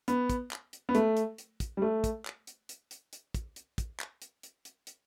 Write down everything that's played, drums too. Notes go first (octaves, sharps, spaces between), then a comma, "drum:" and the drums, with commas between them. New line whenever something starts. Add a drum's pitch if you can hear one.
B3, drum: hi-hat
drum: kick, hi-hat
drum: clap
drum: hi-hat
B3
A3, drum: hi-hat
drum: hi-hat
drum: hi-hat
drum: kick, hi-hat
G3
A3
drum: kick, hi-hat
drum: clap
drum: hi-hat
drum: hi-hat
drum: hi-hat
drum: hi-hat
drum: kick, hi-hat
drum: hi-hat
drum: kick, hi-hat
drum: clap
drum: hi-hat
drum: hi-hat
drum: hi-hat
drum: hi-hat